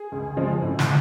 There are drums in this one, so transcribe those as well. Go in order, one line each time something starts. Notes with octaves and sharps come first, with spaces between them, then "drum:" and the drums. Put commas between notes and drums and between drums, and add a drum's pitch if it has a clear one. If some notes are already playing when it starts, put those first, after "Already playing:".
Already playing: G#4
C#2
C#3 F3 G#3
A2
drum: snare